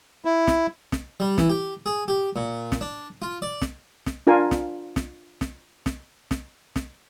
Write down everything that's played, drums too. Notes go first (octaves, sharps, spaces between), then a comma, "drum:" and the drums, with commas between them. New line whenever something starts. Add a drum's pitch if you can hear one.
E4
drum: snare
drum: snare
G3
E3, drum: snare
G4
G#4
G4
A#2
drum: snare
D4
F4
D5
drum: snare
drum: snare
D4 F4 A#4 F5 G#5
drum: snare
drum: snare
drum: snare
drum: snare
drum: snare
drum: snare